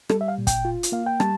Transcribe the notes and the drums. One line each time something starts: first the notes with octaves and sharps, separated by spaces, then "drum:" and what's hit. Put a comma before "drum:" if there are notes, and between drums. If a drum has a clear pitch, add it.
G3 A4, drum: rim click
E5
F5
A#2
G5, drum: kick, hi-hat
F4
drum: hi-hat
A#3 F5
G5
G3 A5, drum: rim click